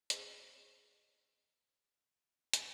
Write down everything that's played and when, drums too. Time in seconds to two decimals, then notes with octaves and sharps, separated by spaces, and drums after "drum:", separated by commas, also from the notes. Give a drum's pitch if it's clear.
0.10 G#4 C5, drum: hi-hat
2.53 drum: hi-hat